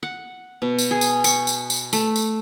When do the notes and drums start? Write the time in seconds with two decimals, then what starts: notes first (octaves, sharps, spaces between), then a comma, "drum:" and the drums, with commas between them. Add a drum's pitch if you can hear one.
0.03 F#5
0.62 B2
0.78 drum: tambourine
0.91 G#4
1.01 drum: tambourine
1.24 C#6, drum: tambourine
1.47 drum: tambourine
1.70 drum: tambourine
1.93 A3, drum: tambourine
2.16 drum: tambourine